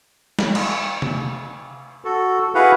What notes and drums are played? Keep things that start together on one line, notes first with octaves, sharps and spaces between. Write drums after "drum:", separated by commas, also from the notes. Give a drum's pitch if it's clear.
drum: snare
drum: cymbal
drum: tom C3
F#4 A4
E4 F#4 G#4 B4 F5 F#5